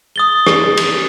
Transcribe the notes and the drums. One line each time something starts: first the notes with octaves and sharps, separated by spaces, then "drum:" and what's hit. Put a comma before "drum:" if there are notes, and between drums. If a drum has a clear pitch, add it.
D#6 A6 G7
drum: rim click
drum: cymbal